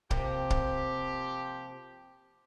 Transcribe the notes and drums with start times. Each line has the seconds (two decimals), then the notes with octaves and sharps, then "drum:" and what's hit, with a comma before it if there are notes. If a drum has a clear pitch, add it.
0.11 C3 F3 A#3 C4 G4, drum: kick
0.50 drum: kick